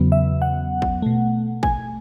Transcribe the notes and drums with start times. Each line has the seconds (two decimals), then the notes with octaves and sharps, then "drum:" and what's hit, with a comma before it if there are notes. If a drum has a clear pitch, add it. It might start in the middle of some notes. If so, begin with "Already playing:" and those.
Already playing: E2 C#3 F#3 B3
0.12 E5
0.42 F#5
0.82 drum: kick
1.02 B2 A3
1.63 G#5, drum: kick